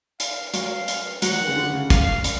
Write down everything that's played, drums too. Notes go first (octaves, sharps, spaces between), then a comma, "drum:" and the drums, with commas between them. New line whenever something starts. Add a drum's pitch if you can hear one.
F5, drum: hi-hat
F#3 F5, drum: hi-hat
drum: hi-hat
F#3 F#5, drum: hi-hat
F3
D#3
C#3
D3
C#3
F5, drum: kick, hi-hat
drum: hi-hat